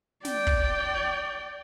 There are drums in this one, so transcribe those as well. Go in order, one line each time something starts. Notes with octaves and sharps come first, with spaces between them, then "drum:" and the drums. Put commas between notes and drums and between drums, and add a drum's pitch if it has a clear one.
D5 G5, drum: snare
drum: kick